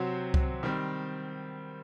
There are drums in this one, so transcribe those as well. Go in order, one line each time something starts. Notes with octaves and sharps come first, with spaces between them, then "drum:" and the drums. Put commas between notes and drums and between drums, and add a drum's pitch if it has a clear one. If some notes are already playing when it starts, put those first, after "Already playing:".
Already playing: C3 F#3 C4 F#4 C5
drum: kick C2
D#3 G3 C4